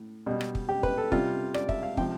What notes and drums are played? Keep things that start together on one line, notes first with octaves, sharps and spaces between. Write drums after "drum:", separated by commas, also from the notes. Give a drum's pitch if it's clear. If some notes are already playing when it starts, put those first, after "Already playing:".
Already playing: A2
B2 G3
drum: rim click
drum: kick
G4
B4, drum: kick
A4
C3 G3 F4, drum: kick
D5, drum: rim click
E5, drum: kick
F5
C3 F3 G5, drum: kick